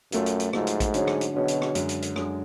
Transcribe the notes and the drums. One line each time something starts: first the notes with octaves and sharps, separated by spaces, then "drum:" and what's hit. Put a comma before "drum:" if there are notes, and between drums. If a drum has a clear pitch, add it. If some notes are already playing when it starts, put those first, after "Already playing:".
F#2 F#3 A3 F4, drum: hi-hat
drum: hi-hat
drum: hi-hat
G#2 F#3 A3 F4, drum: rim click
drum: hi-hat
drum: kick, hi-hat
D3 F#3 C#4 G#4 C#5, drum: hi-hat
drum: rim click
drum: hi-hat
B2 D3 F#3 C#4 G#4 C#5
drum: hi-hat
drum: rim click
F#2 D3 G#3, drum: hi-hat
drum: hi-hat
drum: hi-hat
F#2 D3 G#3, drum: rim click